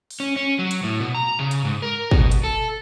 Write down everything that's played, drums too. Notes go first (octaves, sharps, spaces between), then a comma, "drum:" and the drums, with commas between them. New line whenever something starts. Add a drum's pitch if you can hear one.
drum: open hi-hat
C#4
C#4
F#3
drum: hi-hat
A2
B2
A#5
C#3
drum: hi-hat
G#2
A#4
B2, drum: kick
drum: hi-hat
A4